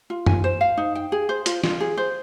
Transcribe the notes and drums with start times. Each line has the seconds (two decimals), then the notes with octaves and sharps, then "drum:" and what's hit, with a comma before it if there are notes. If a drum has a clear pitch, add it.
0.10 F4
0.26 G#5, drum: tom F#2
0.44 C5
0.61 F5
0.77 D#4
0.95 G5
1.12 G#4
1.29 C5
1.46 F4, drum: hi-hat
1.64 F4, drum: snare
1.80 G#4
1.97 C5